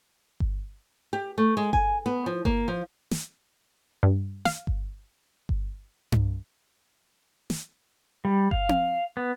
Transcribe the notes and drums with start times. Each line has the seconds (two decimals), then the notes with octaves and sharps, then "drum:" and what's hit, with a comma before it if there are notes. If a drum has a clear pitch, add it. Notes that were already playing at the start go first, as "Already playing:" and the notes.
0.40 drum: kick G1
1.13 G4
1.38 A3
1.57 G#3
1.73 G#5, drum: kick G1
2.06 B3
2.26 F3
2.45 A#3, drum: kick G1
2.68 F3
3.11 drum: snare
4.03 G2
4.45 F5, drum: snare
4.67 drum: kick G1
5.49 drum: kick G1
6.12 drum: tom G2
7.50 drum: snare
8.25 G3
8.51 F5, drum: kick G1
8.69 drum: tom C4
9.17 B3